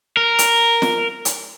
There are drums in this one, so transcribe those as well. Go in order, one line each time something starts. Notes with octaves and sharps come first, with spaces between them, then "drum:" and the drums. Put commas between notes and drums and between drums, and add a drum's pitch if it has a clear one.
A#4
drum: hi-hat
drum: snare
drum: hi-hat